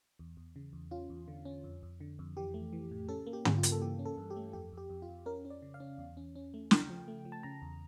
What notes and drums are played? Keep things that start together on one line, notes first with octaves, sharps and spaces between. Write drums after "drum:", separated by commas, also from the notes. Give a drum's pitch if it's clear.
E2
E2
C#3
E2
C#4 F4
E2
D3
C#4
F2
F2
D3
F2
E3 G4
A3
E3
A2
C#4 A4
A#3
G4
G3, drum: tom
F4
A#3, drum: hi-hat
A4
E3 G4
C#4
A4
G2
G4
A3
F2 G4
F2 G4
F2
F4
F2
C#4 A#4
C#4
D5
C#3
F5
C#4
E2
C#4
C#4
A3
C#3 G5, drum: snare
F3
A3
F3
A5
C#3 A#5
E2